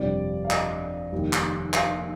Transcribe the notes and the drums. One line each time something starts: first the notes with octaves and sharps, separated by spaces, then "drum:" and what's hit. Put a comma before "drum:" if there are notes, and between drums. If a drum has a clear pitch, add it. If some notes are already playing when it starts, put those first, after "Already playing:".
Already playing: G1 F2 C3 G3 D5
F5
D#5, drum: clap
F1 D#2 D#3 G3
drum: clap
F5, drum: clap